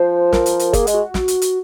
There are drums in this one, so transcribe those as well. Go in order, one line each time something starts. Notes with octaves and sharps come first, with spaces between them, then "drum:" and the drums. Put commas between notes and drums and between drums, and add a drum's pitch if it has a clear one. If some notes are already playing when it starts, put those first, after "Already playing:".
Already playing: F3 C5
A#4, drum: snare
drum: hi-hat
drum: hi-hat
A#3 G#4, drum: kick, hi-hat
G#3, drum: hi-hat
F#4
drum: snare
drum: hi-hat
drum: hi-hat